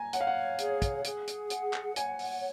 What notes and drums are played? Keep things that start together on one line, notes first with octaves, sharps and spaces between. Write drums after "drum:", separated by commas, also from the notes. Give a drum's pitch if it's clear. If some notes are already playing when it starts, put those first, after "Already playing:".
Already playing: G#5 A#5
C#5 F#5, drum: hi-hat
F5
F#5
G#4, drum: hi-hat
drum: kick, hi-hat
G#4, drum: hi-hat
drum: hi-hat
F#5, drum: hi-hat
drum: clap
C#5 G#5, drum: hi-hat
drum: open hi-hat